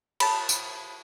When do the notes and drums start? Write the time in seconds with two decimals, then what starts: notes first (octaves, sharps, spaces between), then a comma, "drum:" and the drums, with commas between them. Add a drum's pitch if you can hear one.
0.20 A5 B5, drum: cymbal
0.49 drum: tambourine